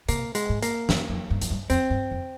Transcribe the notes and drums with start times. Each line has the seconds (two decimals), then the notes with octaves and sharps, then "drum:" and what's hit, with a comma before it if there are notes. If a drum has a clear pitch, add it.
0.08 C3 A#3, drum: hi-hat
0.35 G#3, drum: hi-hat
0.49 G#2
0.62 A#3, drum: hi-hat
0.89 G2, drum: snare
1.09 F2
1.30 G2
1.41 F2, drum: hi-hat
1.51 G2
1.70 F2 C4, drum: hi-hat
1.90 G2
2.11 F2